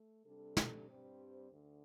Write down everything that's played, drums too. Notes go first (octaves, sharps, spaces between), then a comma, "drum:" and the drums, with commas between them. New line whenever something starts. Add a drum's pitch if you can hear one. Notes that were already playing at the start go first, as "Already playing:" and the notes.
Already playing: A3
C3 G3 D4 A4
drum: snare
G2 G3 C4 G4 C5
D2 D3